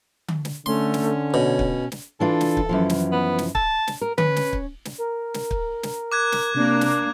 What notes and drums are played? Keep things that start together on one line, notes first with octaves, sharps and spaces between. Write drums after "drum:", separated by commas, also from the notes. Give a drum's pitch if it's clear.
drum: tom D3
drum: snare
D3 A3 C#4 C6
drum: snare
B2 C#5
drum: kick
drum: snare
E3 D4 F4 A4
drum: snare
drum: kick
F#2 E3 F3
drum: snare
B3
drum: snare
A5, drum: kick
drum: snare
A#4
C#4 B4, drum: tom D3
drum: snare
drum: kick
drum: snare
A#4
drum: snare
drum: kick
drum: snare
D6 F#6 G#6
drum: snare
C3 A#3 D4
drum: snare